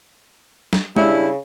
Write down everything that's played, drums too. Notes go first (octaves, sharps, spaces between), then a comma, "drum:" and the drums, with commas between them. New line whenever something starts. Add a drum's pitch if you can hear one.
drum: snare
C#3 G3 D4 E4, drum: tom G#3